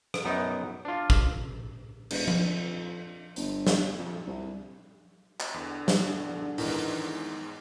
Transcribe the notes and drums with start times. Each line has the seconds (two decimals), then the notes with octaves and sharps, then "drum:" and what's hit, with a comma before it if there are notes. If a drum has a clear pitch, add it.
0.14 drum: rim click
0.25 F#2 B3 D#4
0.85 D4 F4
1.10 drum: kick
2.11 E1, drum: cymbal
2.28 drum: tom F3
2.38 F2
3.36 G1, drum: hi-hat
3.67 drum: snare
3.99 F2
4.27 C2
5.40 drum: clap
5.54 E2 D3
5.88 drum: snare
6.58 E2 G#2 D#3 E3, drum: open hi-hat